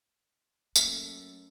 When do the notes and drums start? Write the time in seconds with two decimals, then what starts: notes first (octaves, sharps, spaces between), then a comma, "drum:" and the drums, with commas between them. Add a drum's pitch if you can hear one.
0.76 F#2 A3 A#3 A4, drum: tambourine